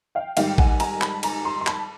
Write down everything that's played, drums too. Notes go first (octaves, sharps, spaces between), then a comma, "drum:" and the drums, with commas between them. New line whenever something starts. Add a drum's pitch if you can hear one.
F5 G5
G#2 D#3 G3 F5 G5, drum: cymbal
F#5 G#5, drum: kick A1
G#5 A#5, drum: cymbal
A5 B5, drum: clap
G#5 A#5, drum: cymbal
A#5 C6
C6
A5 B5, drum: clap